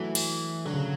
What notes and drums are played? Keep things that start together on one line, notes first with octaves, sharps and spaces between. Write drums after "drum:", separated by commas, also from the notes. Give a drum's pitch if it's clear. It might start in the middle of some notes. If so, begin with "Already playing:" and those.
Already playing: E3 F#3 A3
drum: cymbal
D3 F#3
C#3